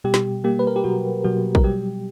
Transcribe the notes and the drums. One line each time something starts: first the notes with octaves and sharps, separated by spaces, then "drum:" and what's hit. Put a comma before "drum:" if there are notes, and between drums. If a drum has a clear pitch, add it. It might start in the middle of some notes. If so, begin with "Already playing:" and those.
B2 G3 G4
drum: snare
G3 A#3 G4
B4
A#4
G4
B2 F#3 F#4
B2 F#3 F#4
A#4, drum: kick
F#3 G3 G4